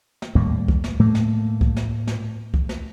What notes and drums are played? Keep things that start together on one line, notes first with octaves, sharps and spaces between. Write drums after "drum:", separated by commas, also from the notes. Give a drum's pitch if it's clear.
drum: snare
D#2 A2 G3 A#3
drum: kick C2
drum: snare
A2 A3 A#3
drum: snare
drum: kick C2
drum: snare
drum: snare
drum: kick C2
drum: snare